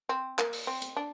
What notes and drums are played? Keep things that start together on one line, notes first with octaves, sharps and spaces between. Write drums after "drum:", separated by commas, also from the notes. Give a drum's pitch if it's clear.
C4
A#3, drum: clap
drum: open hi-hat
C4
drum: hi-hat
D4